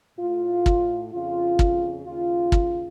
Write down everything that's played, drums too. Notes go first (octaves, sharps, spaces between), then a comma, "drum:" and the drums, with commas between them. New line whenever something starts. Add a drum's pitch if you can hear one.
A2 F4
drum: kick
F2 C#3 F4
drum: kick
D#2 C#3 F4
drum: kick